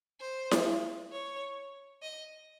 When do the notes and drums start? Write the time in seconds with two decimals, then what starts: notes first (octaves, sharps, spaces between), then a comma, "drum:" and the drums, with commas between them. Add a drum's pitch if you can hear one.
0.21 C5
0.51 drum: snare E4
1.12 C#5
2.02 D#5